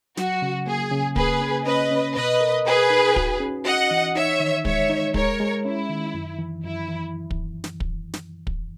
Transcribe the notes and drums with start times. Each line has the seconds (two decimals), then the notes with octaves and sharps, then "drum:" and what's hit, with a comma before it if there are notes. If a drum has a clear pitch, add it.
0.17 F#3 F#4, drum: snare
0.42 C#3
0.66 A#3 G#4
0.91 C#3
1.16 A#3 G#4 B4, drum: kick
1.41 C#4
1.66 C#4 B4 D#5
1.91 C#4
2.15 B2 B4 D#5
2.41 A#4
2.65 G#4 A#4 B4
2.90 D#4
3.16 F#4, drum: kick
3.40 C#4
3.65 F#4 D#5 F#5
3.91 E3
4.15 D#4 C#5 E5
4.40 D#3
4.65 G#3 C#5 E5, drum: kick
4.89 D#4
5.14 G#3 A#4 C#5, drum: kick
5.40 G#3
5.64 C#4 E4
5.90 D#3
6.14 F#2
6.39 E3
6.64 F#2 E4
6.88 E3
7.31 drum: kick
7.64 drum: snare
7.80 drum: kick
8.14 drum: snare
8.47 drum: kick